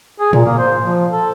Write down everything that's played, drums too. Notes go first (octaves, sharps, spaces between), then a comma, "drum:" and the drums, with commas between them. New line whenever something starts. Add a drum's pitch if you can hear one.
G#4
A#2, drum: tom
A#3
C5
F3
A4